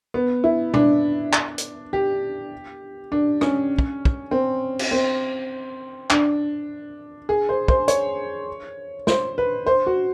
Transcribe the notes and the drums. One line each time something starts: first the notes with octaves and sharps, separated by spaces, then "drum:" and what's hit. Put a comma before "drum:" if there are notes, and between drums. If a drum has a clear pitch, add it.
B3
E4
D4, drum: tom B2
drum: clap
drum: hi-hat
G4
D4
C#4, drum: rim click
drum: kick
drum: kick
C4
drum: cymbal
C4
D4, drum: clap
G#4
C5
C5, drum: kick
C#5, drum: hi-hat
C5, drum: snare
B4
C5
F#4